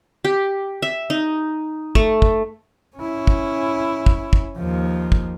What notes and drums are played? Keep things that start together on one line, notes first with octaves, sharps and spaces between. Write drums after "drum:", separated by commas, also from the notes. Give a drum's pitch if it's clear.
G4
E5
D#4
A3, drum: kick
drum: kick
C#4 E4
drum: kick
drum: kick
drum: kick
D#2 F3
drum: kick